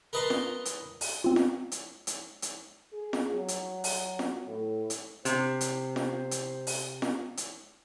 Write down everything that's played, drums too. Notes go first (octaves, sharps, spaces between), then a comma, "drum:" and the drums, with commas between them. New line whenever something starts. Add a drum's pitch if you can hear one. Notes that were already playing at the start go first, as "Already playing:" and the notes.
A#4 B4 D#5 A5 A#5 C6
drum: snare F4
drum: hi-hat
drum: open hi-hat
C4 F4
drum: snare F4
drum: hi-hat
drum: hi-hat
drum: hi-hat
G#4
drum: snare F4
F#3
drum: hi-hat
drum: open hi-hat
drum: snare F4
A2
drum: hi-hat
C3 C5, drum: hi-hat
drum: hi-hat
drum: snare F4
drum: hi-hat
drum: open hi-hat
drum: snare F4
drum: hi-hat